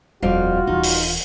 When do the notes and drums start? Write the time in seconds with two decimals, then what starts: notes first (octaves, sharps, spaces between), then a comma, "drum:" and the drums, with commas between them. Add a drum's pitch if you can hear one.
0.22 D#1 F2 G3 F4 F#4 F5
0.67 D#1 E3 D#4
0.83 drum: open hi-hat